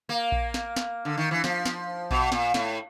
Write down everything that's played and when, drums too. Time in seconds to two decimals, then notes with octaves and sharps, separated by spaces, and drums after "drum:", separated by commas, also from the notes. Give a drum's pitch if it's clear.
0.09 A#3
0.32 drum: kick A#1
0.54 drum: snare
0.76 drum: snare
1.05 D3
1.18 D#3
1.31 E3
1.44 F3, drum: snare
1.66 drum: snare
2.11 B2, drum: kick A#1
2.32 A#2, drum: snare
2.54 A2, drum: snare